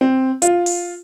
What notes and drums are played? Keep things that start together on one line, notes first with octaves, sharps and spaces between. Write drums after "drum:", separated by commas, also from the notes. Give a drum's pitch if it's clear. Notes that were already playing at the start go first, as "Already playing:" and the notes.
C4
F4, drum: hi-hat
drum: open hi-hat